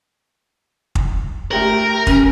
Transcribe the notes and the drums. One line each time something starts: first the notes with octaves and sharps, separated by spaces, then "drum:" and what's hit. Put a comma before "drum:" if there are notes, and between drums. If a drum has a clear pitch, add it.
drum: kick
A3 G4 A#4 F#7
C#4, drum: kick